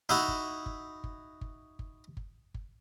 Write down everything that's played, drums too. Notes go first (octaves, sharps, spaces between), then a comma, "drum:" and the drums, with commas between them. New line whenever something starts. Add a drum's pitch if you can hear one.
D#4 E4 F#4
drum: kick G1
drum: kick G1
drum: kick G1
drum: kick G1
drum: kick G1
drum: kick G1
drum: kick G1